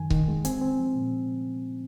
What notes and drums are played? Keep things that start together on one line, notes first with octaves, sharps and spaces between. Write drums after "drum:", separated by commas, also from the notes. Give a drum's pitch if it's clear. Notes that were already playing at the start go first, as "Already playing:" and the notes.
Already playing: F#2 D#3 G#5
D#3, drum: kick C#1
G#3
C4 G#5, drum: hi-hat
C4
F3
A#2